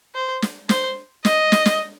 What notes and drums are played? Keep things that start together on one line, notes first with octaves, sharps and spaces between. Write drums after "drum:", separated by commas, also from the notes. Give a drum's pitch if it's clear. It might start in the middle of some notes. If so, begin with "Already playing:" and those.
C5
drum: snare
C5, drum: snare
D#5, drum: snare
drum: snare
drum: snare